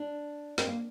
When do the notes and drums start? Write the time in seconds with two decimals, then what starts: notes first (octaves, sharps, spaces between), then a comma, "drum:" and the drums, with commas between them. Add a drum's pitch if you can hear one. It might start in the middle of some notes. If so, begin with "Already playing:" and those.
Already playing: D4
0.58 C4, drum: snare
0.67 A#3